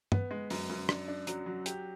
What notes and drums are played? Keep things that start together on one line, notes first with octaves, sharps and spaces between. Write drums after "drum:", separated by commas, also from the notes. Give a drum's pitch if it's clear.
B3, drum: tom
G#3
F#2, drum: open hi-hat
F#2
D4, drum: rim click
D4
F#3, drum: hi-hat
F#3
G4, drum: hi-hat